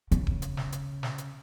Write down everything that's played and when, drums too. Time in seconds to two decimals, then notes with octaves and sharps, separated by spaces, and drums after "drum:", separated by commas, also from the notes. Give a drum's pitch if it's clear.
0.11 C#3, drum: hi-hat
0.27 drum: kick D#1
0.42 drum: hi-hat
0.57 drum: snare
0.72 drum: hi-hat
1.03 drum: snare
1.18 drum: hi-hat